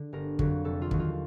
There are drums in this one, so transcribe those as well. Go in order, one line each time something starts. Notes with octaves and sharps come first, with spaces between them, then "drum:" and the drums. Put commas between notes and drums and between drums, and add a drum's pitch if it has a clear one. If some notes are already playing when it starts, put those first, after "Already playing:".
Already playing: D3
G1 A#4
F2 D3 F#3, drum: kick
F1 A4
F4
D#2 D#3 F#3, drum: kick
F4